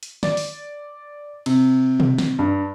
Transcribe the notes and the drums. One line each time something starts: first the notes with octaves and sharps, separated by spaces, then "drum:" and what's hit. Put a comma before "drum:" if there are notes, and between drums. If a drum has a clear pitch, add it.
drum: hi-hat
D5, drum: snare
drum: open hi-hat
C3, drum: cymbal
drum: tom B2
drum: snare
G2